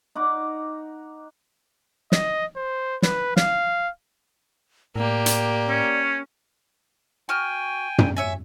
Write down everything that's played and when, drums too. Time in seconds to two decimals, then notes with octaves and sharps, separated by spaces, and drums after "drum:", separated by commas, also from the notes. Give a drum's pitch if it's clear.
0.15 D#4 F#5 D6
2.12 D#5, drum: snare
2.56 C5
3.02 B4, drum: snare
3.37 F5, drum: snare
4.96 A2 A#3 G4 D5
5.26 drum: hi-hat
5.67 C#4
7.29 F#4 G5 G#5 F6
7.98 drum: tom
8.17 C#5 E5 G#5